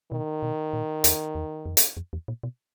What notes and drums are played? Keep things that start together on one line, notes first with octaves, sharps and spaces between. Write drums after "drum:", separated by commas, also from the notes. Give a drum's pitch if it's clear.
B2 D#3
B2
A#2
E2, drum: hi-hat
E2
F2
drum: hi-hat
F2
E2
A#2
B2